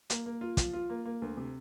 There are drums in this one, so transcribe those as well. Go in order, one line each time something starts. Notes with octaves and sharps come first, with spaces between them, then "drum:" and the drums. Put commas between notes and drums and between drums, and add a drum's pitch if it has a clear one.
A#3, drum: hi-hat
A#3
F4
F3, drum: kick, hi-hat
F4
A#3
A#3
D2
C3